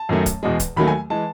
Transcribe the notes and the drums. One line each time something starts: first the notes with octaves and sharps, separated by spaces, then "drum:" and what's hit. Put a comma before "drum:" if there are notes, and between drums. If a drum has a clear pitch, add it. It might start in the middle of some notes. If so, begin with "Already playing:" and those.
Already playing: A5
F#2 D#3 F#3 A3
drum: kick, hi-hat
E2 B2 G#3
drum: kick, hi-hat
D#2 D#3 F#3 A3 B5
G#5
E3 G#3 A5